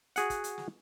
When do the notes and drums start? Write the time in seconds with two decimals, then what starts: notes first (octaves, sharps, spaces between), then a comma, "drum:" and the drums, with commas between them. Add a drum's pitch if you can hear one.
0.16 F#4 G#4 F#5, drum: hi-hat
0.30 drum: kick, hi-hat
0.44 drum: hi-hat
0.58 drum: snare